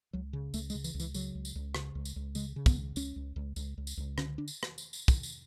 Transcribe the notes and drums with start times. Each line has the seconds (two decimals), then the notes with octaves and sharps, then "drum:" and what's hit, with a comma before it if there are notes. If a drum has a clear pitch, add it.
0.13 C#2 F#3
0.33 C#3
0.54 C#2 A3, drum: tambourine
0.70 G#3, drum: tambourine
0.75 C#3
0.84 E3, drum: tambourine
0.95 C#2
1.00 E3, drum: tambourine
1.14 C#3 F#3, drum: tambourine
1.35 C#2
1.45 drum: tambourine
1.56 C#2
1.75 C#3, drum: rim click
1.95 C#2
2.05 drum: tambourine
2.16 C#2
2.35 C#3 G#3, drum: tambourine
2.56 C#3
2.66 B3, drum: kick, tambourine
2.76 C#2
2.96 C#2 C#4, drum: tambourine
3.16 C#2
3.36 C#2
3.56 C#2, drum: tambourine
3.78 C#2
3.87 drum: tambourine
3.97 C#2
4.18 D3 C#4, drum: rim click
4.38 D4
4.48 drum: tambourine
4.63 drum: rim click
4.78 drum: tambourine
4.93 drum: tambourine
5.08 drum: kick, tambourine
5.23 drum: tambourine